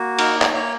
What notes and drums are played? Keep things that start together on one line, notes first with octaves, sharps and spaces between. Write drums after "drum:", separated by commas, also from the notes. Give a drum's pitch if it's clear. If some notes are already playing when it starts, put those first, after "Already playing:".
Already playing: A#3 F#4
D#4 A#4, drum: cymbal
drum: clap
A#3 C#5